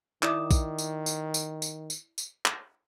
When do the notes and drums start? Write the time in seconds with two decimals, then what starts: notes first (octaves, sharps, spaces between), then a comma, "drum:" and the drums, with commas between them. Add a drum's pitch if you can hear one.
0.23 D#3 E4 D5 E5 D6 D#6 E7, drum: clap
0.51 drum: kick A#1, tambourine
0.78 drum: tambourine
1.06 drum: tambourine
1.34 drum: tambourine
1.62 drum: tambourine
1.90 drum: tambourine
2.18 drum: tambourine
2.46 drum: clap